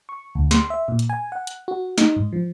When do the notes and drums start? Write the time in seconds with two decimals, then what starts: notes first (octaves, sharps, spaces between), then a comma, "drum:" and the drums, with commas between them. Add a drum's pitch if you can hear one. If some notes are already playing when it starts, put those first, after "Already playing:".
0.09 C#6
0.35 D2
0.51 C6, drum: snare
0.70 E5
0.88 A#2
0.99 drum: hi-hat
1.10 G#5
1.32 F#5
1.47 drum: hi-hat
1.68 F#4
1.98 D#4, drum: snare
2.16 G#2
2.33 F3